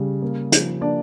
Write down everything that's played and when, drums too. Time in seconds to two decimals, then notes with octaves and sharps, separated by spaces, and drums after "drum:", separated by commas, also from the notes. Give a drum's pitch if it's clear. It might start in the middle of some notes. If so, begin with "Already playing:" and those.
Already playing: C#3 G3
0.22 A#3
0.52 F3, drum: hi-hat
0.81 A#3 D4 D5